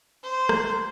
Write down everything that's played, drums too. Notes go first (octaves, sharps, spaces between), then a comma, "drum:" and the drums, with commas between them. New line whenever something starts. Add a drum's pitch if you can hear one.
C5
drum: rim click